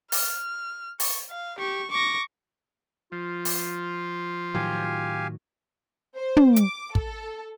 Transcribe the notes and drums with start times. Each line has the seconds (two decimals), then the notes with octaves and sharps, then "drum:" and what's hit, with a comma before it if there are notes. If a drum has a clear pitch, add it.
0.12 F6, drum: open hi-hat
1.00 C#6, drum: open hi-hat
1.30 F5
1.59 G4 C#6
1.91 C#6 D6 A#6
3.12 F3 F4
3.45 drum: open hi-hat
4.55 A2 D#3 F#3 G4 F5 G#5
6.17 C5
6.37 drum: tom
6.56 D6, drum: hi-hat
6.95 A4, drum: kick